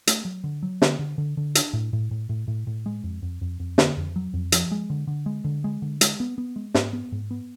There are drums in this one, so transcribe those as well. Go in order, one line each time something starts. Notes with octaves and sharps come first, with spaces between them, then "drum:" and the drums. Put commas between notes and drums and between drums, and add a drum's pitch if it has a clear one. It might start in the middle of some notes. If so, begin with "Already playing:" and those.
A3, drum: hi-hat
F#3
D3
F#3
D3, drum: snare
D3
D3
D3
D4, drum: hi-hat
A2
A2
A2
A2
A2
A2
G#3
F2
F2
F2
F2
D3, drum: snare
F2
F#3
F2
F3, drum: hi-hat
G#3
D3
D3
G#3
D3
G#3
D3
G#3, drum: hi-hat
B3
B3
G#3
G#2, drum: snare
B3
G#2
B3